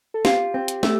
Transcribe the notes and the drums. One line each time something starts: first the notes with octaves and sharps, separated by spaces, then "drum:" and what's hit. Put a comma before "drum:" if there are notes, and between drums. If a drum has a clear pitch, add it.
A4
F4 G4, drum: snare
C4
drum: hi-hat
A3, drum: snare